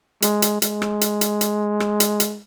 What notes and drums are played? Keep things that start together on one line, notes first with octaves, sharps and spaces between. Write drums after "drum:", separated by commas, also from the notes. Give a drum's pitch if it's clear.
G#3, drum: hi-hat
drum: hi-hat
G#3, drum: hi-hat
drum: rim click
drum: hi-hat
drum: hi-hat
drum: hi-hat
drum: rim click
drum: hi-hat
drum: hi-hat